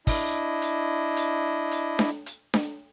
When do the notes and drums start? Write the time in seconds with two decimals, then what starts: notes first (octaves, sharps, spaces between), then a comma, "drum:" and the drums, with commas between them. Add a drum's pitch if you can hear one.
0.07 D4 E4 D#5, drum: kick, open hi-hat
0.62 drum: hi-hat
1.17 drum: hi-hat
1.71 drum: hi-hat
1.99 drum: snare D4
2.26 drum: hi-hat
2.54 drum: snare D4